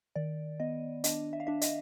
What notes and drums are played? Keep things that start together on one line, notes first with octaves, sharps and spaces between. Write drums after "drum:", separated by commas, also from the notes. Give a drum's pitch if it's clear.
D#3 D5
B3 D#5
D4 D#5, drum: hi-hat
E5
F5
D4 E5
D#5, drum: hi-hat